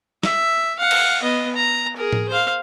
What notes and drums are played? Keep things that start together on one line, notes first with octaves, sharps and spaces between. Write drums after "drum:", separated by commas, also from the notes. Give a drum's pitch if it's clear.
E5, drum: snare
F5 F#5
drum: cymbal
B3 D#5
A#5
G#4 A#4
drum: tom A2
C5 F5